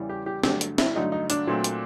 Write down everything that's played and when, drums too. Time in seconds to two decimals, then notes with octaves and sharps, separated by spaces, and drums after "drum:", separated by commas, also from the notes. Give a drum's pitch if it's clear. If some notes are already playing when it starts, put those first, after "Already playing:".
Already playing: E2 C#3 E3 G3
0.09 G4
0.26 G4
0.44 G2 D3 F#3 A3 G4, drum: snare
0.61 drum: hi-hat
0.78 E4, drum: snare
0.96 G2 D3 F#3 A3 D#4
1.12 D#4
1.30 D4, drum: hi-hat
1.47 A#2 F#3 A3 C4
1.64 drum: hi-hat